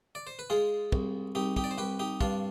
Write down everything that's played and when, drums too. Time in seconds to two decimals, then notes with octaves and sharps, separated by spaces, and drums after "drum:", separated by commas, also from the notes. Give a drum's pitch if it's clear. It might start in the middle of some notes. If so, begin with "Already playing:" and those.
0.15 D5
0.27 C5
0.39 B4
0.50 G#3 F4 G#4
0.92 C2, drum: kick
1.35 C2 D#4 G4
1.56 D#4 G4, drum: kick
1.64 D5
1.71 C5
1.78 C2 G4 B4
1.99 D#4 G4
2.21 G2 D4 F4, drum: kick